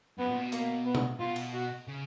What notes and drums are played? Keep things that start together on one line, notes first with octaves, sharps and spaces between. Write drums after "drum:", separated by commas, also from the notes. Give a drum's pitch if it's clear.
F#2 B3
A#2
B2
A#3, drum: hi-hat
B3
drum: tom B2
B2 F4
drum: cymbal
F#4
C#3